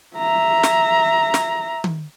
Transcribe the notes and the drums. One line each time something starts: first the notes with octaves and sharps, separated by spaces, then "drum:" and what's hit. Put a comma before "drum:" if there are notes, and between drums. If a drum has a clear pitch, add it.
E5 A#5
drum: snare
drum: snare
drum: tom D#3